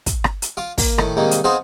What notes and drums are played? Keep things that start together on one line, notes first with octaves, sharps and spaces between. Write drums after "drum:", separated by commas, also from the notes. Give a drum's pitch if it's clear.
drum: kick, hi-hat
drum: rim click
drum: hi-hat
F4 F5 D6
A#3, drum: kick, open hi-hat
A2 D#3, drum: rim click
C2 G#2 D#3 A#3
drum: hi-hat
B3 C4 D#4 G#4 C5 F5